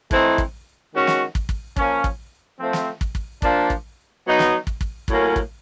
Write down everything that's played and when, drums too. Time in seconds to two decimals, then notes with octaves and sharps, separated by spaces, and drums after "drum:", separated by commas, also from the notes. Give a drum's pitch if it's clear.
0.11 E3 A3 C4 D#4, drum: kick
0.38 drum: kick
0.94 D#3 G#3 C#4 F#4
1.07 drum: snare
1.35 drum: kick
1.49 drum: kick
1.76 F3 A#3 C#4, drum: kick
2.04 drum: kick
2.60 F3 A3 C4
2.73 drum: snare
3.01 drum: kick
3.15 drum: kick
3.42 F3 A#3 D4, drum: kick
3.70 drum: kick
4.26 F#3 B3 D#4
4.39 drum: snare
4.67 drum: kick
4.81 drum: kick
5.08 A2 F#3 A#3 C#4, drum: kick
5.36 drum: kick